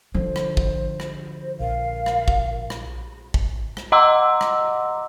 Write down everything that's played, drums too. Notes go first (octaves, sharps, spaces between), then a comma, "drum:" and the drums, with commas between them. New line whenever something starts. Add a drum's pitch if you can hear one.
D3 F3 C5
drum: rim click
drum: kick A1
drum: rim click
A#1 A#4 F5
drum: rim click
drum: kick A1
drum: rim click
drum: kick A1
drum: rim click
D#5 F#5 A#5 C6 D6 E6
drum: rim click